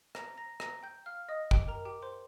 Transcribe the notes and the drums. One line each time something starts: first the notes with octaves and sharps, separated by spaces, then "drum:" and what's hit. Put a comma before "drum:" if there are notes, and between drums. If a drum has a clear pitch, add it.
A#5 A#6, drum: rim click
A#5 A#6
A#5 A#6, drum: rim click
G5 G6
F5 F6
D#5 D#6
G4 G5, drum: kick G#1
A#4 A#5
G4 G5
C5 C6